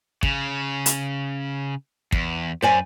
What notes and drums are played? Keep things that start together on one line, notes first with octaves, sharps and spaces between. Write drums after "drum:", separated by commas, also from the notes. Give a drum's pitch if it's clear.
C#3, drum: kick
drum: hi-hat
E2, drum: kick
F#2 C5 D5 G#5